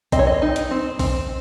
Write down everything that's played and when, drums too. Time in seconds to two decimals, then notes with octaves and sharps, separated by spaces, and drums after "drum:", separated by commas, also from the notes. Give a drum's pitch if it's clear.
0.12 C4 D#5, drum: kick A#1, hi-hat
0.19 C#5
0.27 D#5
0.42 D#4
0.56 drum: hi-hat
0.71 C4
0.99 C4, drum: kick A#1, open hi-hat